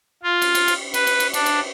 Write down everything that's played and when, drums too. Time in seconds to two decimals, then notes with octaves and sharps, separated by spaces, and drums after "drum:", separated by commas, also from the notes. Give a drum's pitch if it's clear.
0.23 F4
0.42 drum: cymbal
0.55 drum: cymbal
0.68 drum: cymbal
0.94 B4, drum: cymbal
1.07 drum: cymbal
1.20 drum: cymbal
1.34 D4, drum: cymbal
1.46 drum: cymbal